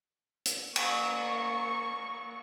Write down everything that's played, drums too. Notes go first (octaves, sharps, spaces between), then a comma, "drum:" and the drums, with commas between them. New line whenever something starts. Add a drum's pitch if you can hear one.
drum: hi-hat
A#3 C#6, drum: cymbal